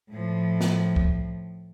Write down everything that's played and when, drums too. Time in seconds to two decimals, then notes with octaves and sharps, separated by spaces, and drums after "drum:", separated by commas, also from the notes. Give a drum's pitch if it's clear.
0.11 A2 F3
0.61 drum: snare
0.96 drum: kick